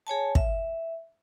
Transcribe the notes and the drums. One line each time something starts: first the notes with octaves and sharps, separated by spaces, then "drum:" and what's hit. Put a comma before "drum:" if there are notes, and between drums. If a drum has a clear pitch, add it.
G#4 C#5 G#5 A5
E5, drum: kick